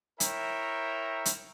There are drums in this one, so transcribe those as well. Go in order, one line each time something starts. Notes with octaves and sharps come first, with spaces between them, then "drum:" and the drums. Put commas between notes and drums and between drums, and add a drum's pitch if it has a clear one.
E4 A#4 C#5 E5 G5 A#5, drum: hi-hat
drum: hi-hat